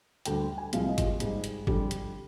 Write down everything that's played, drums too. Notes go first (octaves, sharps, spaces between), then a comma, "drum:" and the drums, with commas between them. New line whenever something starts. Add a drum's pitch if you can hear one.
D2 D3 G3 G5, drum: hi-hat
G#5
C2 C3 F3 G#3 F5, drum: hi-hat
D#5
F4, drum: kick G1, hi-hat
G4
G#2 G3 G#4, drum: hi-hat
drum: hi-hat
F2 D3 G3 G4, drum: kick G1
drum: hi-hat